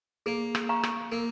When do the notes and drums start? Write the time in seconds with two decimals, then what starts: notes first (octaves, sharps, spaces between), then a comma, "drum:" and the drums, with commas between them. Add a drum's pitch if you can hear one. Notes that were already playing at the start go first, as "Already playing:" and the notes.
0.26 A#3 G#4
0.55 drum: rim click
0.69 F5 A#5 C#6
0.83 drum: rim click
1.12 A#3 A#4